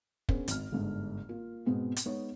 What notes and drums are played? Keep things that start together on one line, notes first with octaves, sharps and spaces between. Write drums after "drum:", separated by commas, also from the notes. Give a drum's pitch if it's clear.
B3 C#4 D4 G#4 A#4 C5, drum: kick
G#1 F6, drum: hi-hat
G1 G#2 D4
A#3 F4
G#2 B2 G#3 B3 C4
drum: hi-hat
G#3 B3 D#4 C#5